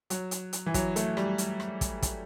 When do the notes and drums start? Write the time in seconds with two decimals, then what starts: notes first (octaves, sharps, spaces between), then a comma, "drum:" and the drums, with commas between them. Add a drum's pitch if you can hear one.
0.10 F#3, drum: hi-hat
0.31 drum: hi-hat
0.53 drum: hi-hat
0.66 E3
0.74 F#3, drum: kick, hi-hat
0.96 A3, drum: hi-hat
1.17 G3, drum: rim click
1.38 drum: hi-hat
1.60 drum: rim click
1.81 drum: kick, hi-hat
2.02 drum: kick, hi-hat